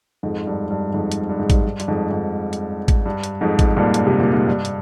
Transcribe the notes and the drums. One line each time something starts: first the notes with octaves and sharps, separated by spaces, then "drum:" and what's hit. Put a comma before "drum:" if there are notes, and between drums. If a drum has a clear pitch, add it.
F2 G#2
G2
G2
F2 G#2
drum: hi-hat
G2
G#2
G2, drum: kick, hi-hat
G2
G2, drum: hi-hat
F2 G#2
F2 G#2
drum: hi-hat
drum: kick, hi-hat
G2
drum: hi-hat
F2 G#2
drum: kick, hi-hat
G2 A#2
drum: hi-hat
C3
A#2
G#2
G2
drum: hi-hat